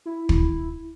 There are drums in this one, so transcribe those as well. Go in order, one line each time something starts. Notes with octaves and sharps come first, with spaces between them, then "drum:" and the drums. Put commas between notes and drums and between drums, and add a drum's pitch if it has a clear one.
E4
drum: kick